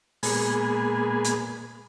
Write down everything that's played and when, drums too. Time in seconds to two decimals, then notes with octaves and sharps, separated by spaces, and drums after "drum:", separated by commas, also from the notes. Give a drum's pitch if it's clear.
0.23 A#2 G#3 B3 G#4, drum: open hi-hat
1.24 drum: hi-hat